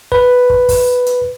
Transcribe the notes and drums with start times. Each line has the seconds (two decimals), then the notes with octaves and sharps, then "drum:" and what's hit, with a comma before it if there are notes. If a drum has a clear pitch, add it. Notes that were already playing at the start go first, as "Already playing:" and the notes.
0.12 B4, drum: kick
0.50 drum: kick
0.69 drum: kick, open hi-hat
1.07 drum: hi-hat